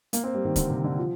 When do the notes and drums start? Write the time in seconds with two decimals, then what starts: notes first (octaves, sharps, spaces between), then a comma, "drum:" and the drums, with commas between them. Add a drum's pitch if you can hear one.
0.13 A#3, drum: hi-hat
0.24 C4
0.34 G3
0.45 D#3
0.56 D3, drum: kick, hi-hat
0.70 C3
0.84 D3
0.99 F3